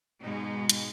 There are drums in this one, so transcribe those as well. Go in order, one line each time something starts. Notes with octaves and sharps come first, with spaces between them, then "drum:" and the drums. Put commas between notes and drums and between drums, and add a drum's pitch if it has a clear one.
G#2 B2 G#3 D#4
drum: hi-hat